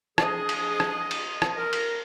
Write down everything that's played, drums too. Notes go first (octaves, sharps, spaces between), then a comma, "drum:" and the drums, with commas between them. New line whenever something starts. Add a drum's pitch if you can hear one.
F3 D4 G#4 D#5, drum: rim click
drum: cymbal
drum: rim click
drum: cymbal
drum: rim click
A#4
drum: cymbal